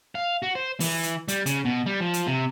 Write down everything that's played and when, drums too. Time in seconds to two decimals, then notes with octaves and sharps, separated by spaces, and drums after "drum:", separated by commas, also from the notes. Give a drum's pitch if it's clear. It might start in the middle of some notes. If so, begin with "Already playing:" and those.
0.15 F5
0.43 F#4
0.55 C5
0.80 E3, drum: open hi-hat
1.03 drum: hi-hat
1.28 G3, drum: hi-hat
1.46 C#3, drum: hi-hat
1.65 B2
1.86 G3
2.01 F3
2.14 drum: hi-hat
2.27 C3